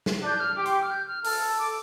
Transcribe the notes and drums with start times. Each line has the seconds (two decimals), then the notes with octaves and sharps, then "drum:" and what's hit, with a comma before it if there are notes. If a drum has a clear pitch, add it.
0.06 drum: snare
0.23 D4 G6
0.40 F6
0.56 G4 D6
0.66 C6, drum: hi-hat
0.73 D6
0.83 F6
0.91 G6
1.08 F6
1.24 A4 F6, drum: open hi-hat
1.59 D6